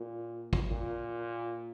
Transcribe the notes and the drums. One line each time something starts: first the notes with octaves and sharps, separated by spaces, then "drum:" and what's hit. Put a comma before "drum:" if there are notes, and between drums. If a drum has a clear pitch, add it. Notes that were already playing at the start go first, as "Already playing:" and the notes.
Already playing: A#2
drum: kick
A#2